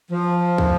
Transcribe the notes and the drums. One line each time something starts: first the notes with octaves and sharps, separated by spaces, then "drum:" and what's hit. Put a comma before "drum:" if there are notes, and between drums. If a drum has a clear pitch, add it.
F3
drum: kick